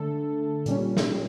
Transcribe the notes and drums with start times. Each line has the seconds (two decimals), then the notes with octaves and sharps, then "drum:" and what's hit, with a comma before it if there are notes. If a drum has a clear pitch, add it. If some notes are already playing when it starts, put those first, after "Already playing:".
Already playing: D3 A3 A4
0.66 A#2 G3 C#4, drum: hi-hat
0.97 drum: snare